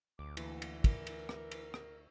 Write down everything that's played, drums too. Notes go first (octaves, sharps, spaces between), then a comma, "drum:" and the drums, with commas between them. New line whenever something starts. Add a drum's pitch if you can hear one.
D2 D6
E3 A#3, drum: cymbal
drum: cymbal
A#4, drum: kick, cymbal
drum: cymbal
drum: rim click
drum: cymbal
drum: rim click